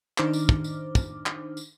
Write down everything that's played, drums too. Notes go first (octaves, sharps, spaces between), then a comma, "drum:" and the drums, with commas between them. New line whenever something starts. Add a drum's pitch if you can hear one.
D#3 D4 D#4 C5 D6 F6, drum: clap
drum: tambourine
drum: kick
drum: tambourine
drum: kick, tambourine
drum: clap
drum: tambourine